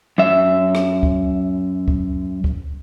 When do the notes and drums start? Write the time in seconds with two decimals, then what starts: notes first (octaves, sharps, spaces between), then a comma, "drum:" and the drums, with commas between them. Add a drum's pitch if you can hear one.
0.18 F#2 E5
0.75 drum: rim click
1.03 drum: kick C#2
1.88 drum: kick C#2
2.44 drum: kick C#2